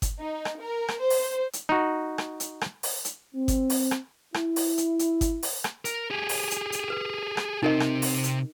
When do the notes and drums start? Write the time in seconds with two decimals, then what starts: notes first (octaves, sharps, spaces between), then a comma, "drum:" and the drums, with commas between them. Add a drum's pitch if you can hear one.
0.02 drum: kick G1, hi-hat
0.19 D#4
0.45 drum: rim click
0.60 A#4
0.89 drum: rim click
1.00 C5
1.10 drum: open hi-hat
1.53 drum: hi-hat
1.69 D#4 F#4
2.18 drum: rim click
2.40 drum: hi-hat
2.61 drum: rim click
2.83 drum: open hi-hat
3.05 drum: hi-hat
3.35 C4
3.48 drum: kick G1, hi-hat
3.70 drum: open hi-hat
3.91 drum: rim click
4.34 E4, drum: rim click
4.56 drum: open hi-hat
4.78 drum: hi-hat
4.99 drum: hi-hat
5.21 drum: kick G1, hi-hat
5.43 drum: open hi-hat
5.64 drum: rim click
5.85 A#4, drum: hi-hat
6.11 G4 G#4
6.29 drum: open hi-hat
6.51 drum: hi-hat
6.72 drum: hi-hat
6.90 B4
7.37 drum: rim click
7.63 C3 C4 D#4 A#4 D#5
7.80 drum: rim click
8.02 drum: open hi-hat
8.24 drum: hi-hat